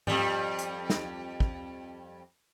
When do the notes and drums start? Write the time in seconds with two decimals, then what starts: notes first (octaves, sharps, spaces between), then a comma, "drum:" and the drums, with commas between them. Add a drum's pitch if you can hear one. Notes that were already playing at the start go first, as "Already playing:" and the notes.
0.07 F2 G3, drum: tom G#2
0.59 drum: hi-hat
0.90 drum: snare
1.40 drum: kick